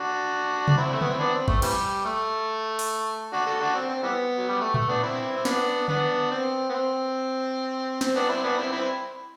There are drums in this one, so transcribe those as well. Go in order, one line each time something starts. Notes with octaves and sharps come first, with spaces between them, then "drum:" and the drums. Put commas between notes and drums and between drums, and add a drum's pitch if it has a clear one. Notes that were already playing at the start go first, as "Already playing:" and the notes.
Already playing: D4 F#4
D4, drum: tom C3
C4 E4
A3
B3, drum: tom D3
C4
B3 D4
C4
A3, drum: kick
C3 E3 G3, drum: cymbal
A3
drum: open hi-hat
D4 F#4
F#4 A4
D4 F#4
C4
C4
E3 G3 B3
F#3
G3
A3
A3, drum: tom A2
B3 D4
C4 E4
C4
B3 D4, drum: snare
B3 D4, drum: tom D3
C4
B3
C4
C4, drum: snare
B3 D4
C4 E4
B3 D4
C4 E4
C4 E4